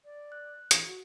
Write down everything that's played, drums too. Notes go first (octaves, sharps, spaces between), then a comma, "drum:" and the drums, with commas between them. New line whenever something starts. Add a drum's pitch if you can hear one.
D5
F#6
E3, drum: hi-hat
F#4